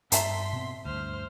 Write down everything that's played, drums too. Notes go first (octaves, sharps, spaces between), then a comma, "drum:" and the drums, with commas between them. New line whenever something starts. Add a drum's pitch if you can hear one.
G2 E5 A5 A#5 C6 B6, drum: hi-hat
B2 C4
D2 G2 C5 F6